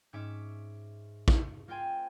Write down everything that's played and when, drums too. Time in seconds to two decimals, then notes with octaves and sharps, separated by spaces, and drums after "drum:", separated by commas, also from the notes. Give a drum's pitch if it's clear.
0.13 G#2 C#4 E5 D6
1.28 drum: kick A1
1.68 A#3 F4 C5 G5 G#5